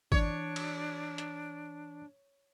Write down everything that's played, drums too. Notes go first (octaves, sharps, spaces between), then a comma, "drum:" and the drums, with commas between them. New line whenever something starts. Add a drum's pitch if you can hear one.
E3 D4 C#5 D5, drum: kick G#1
drum: cymbal
drum: hi-hat